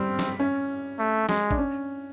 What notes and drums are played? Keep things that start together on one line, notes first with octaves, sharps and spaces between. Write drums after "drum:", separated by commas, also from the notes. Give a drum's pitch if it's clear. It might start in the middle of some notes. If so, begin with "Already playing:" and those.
Already playing: G3 C4
drum: snare
C#4
A3
G#3, drum: snare
D4, drum: kick G#1
C#4